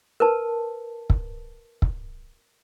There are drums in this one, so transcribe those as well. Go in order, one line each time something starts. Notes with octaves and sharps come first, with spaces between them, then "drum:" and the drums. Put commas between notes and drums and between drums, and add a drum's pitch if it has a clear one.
A#4 B4 A5
drum: kick
drum: kick